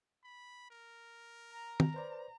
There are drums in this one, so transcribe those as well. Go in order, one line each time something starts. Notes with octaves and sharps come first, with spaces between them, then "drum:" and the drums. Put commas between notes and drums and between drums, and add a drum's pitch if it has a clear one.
B5
A#4
A#5
drum: tom
B4 C5 D5